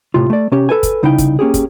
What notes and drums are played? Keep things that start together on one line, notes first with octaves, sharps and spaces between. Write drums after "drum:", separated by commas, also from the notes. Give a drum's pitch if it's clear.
A2 C3 F4
A3 D5
C3 C#4 G4
A4 B4 G#5
drum: kick, hi-hat
C2 C#3 D#4 E4 F5 G5
drum: kick, hi-hat
A#3 C#4 G4 G#4
drum: kick, hi-hat